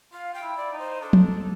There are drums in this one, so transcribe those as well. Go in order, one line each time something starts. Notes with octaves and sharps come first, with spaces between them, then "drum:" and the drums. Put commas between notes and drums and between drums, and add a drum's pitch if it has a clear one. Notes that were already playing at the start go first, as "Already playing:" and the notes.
F4 F5
G5
E4
D5
D#4
C5
D4 A4
drum: tom